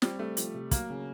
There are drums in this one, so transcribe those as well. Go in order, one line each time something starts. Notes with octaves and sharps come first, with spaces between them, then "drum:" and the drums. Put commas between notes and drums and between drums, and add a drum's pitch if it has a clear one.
G3 C4, drum: snare
G3 A3
F3, drum: hi-hat
C3
F#3 A#3, drum: kick, hi-hat
C#3